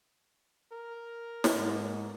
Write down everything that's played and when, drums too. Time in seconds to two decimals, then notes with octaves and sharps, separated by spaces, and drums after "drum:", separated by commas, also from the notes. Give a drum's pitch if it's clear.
0.72 A#4
1.44 drum: snare
1.55 G#2